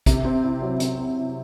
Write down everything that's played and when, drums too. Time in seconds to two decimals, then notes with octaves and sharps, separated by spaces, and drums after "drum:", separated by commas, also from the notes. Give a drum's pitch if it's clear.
0.06 C3, drum: kick, hi-hat
0.25 C4
0.44 E4
0.62 F#3
0.80 C3, drum: hi-hat
0.99 C4
1.17 E4